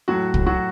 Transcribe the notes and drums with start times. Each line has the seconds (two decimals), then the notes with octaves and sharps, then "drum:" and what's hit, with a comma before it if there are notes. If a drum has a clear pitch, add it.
0.08 A2 F#3 F#4
0.34 A2, drum: kick
0.46 F#3 F#4